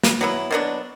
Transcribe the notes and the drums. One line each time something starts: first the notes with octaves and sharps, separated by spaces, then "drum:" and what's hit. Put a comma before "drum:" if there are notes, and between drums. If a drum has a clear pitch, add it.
drum: snare
F#3 B3 E4
B2 F#3 B3 D4